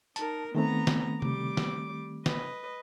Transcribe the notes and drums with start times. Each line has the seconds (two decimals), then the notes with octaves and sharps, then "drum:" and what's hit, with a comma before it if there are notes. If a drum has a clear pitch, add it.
0.16 D#4 A#4 A5, drum: hi-hat
0.55 D#3 A3 B3 C4 A#5
0.87 drum: snare
1.22 G3 D6, drum: tom C3
1.57 drum: snare
2.26 B4 D#5, drum: snare